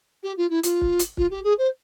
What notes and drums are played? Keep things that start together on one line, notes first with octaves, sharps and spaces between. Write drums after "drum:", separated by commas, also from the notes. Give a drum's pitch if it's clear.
G4
F4
E4
F4, drum: hi-hat
drum: kick
drum: hi-hat
F4, drum: kick
G4
G#4
C5